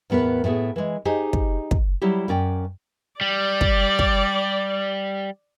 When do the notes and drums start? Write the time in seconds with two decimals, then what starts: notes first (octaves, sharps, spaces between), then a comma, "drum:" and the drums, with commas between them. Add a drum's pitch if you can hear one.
0.10 E2 A2 B3 A#4 B4
0.44 A2 A3 B3 G#4
0.76 E3 G#3
1.05 D#4 G4 G#4 C5 D#5
1.33 drum: kick
1.71 drum: kick
2.02 F#3 G3 E4 G4
2.28 F#2 C#4 D5 G5
3.21 G3 D5
3.61 drum: kick
3.99 drum: kick